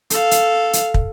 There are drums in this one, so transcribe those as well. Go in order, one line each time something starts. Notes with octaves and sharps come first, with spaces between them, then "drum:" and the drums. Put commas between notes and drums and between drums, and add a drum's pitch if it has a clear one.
A4 F5, drum: hi-hat
drum: hi-hat
drum: hi-hat
drum: kick